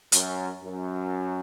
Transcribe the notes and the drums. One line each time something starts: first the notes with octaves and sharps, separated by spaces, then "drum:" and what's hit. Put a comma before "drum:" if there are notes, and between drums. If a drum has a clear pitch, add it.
F#2, drum: hi-hat
F#2